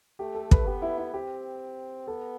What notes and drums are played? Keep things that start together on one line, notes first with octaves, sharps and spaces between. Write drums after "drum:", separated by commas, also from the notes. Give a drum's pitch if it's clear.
A3 G4
A4
B4, drum: kick
B3 G4
E4
E4
C4 G4
B3 A4